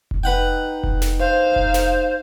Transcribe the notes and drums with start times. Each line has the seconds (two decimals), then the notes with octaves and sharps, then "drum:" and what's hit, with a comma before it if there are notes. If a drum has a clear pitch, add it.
0.11 drum: kick F1
0.23 D#4 B4 F#5 G5
0.83 drum: kick F1
1.02 drum: snare
1.20 C5 F5
1.56 drum: kick F1
1.74 drum: snare